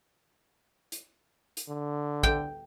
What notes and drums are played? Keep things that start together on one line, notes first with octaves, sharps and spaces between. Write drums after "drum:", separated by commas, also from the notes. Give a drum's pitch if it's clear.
drum: hi-hat
drum: hi-hat
D3
G5, drum: kick